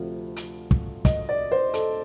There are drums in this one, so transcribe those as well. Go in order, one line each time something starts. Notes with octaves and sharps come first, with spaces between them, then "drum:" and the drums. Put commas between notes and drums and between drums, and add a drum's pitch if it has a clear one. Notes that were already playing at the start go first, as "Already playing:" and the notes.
Already playing: D2 C3 F3 F4
drum: hi-hat
drum: kick
D#5, drum: kick, hi-hat
D5
C5
A4, drum: hi-hat